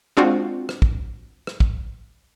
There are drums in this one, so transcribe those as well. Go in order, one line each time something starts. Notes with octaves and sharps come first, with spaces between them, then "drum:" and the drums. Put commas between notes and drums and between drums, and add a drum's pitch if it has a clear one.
G#3 C4 D4 F4 F#4
drum: rim click
drum: kick
drum: rim click
drum: kick